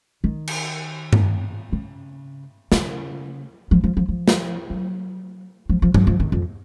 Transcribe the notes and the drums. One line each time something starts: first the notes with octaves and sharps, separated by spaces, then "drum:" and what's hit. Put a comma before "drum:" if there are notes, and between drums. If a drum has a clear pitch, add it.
D#3
drum: cymbal
drum: tom G2
C#3
C#3, drum: snare
F3
F3
F3
F3
drum: snare
F#3
F3
F3
F#3, drum: tom G2
F3
D#3
F2